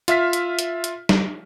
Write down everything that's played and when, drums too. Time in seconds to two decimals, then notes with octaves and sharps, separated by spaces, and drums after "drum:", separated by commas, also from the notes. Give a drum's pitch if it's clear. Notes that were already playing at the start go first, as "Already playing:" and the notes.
0.08 F4 E5 F6 B6, drum: hi-hat
0.33 drum: hi-hat
0.59 drum: hi-hat
0.84 drum: hi-hat
1.09 drum: snare